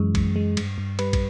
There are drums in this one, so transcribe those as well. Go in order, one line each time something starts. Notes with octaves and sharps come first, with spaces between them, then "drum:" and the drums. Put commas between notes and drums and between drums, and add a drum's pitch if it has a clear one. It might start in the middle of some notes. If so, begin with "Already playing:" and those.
Already playing: F#2 E3 G#3
F#2, drum: kick, cymbal
G#3
G2, drum: cymbal
G2
G3 B4, drum: cymbal
drum: kick, cymbal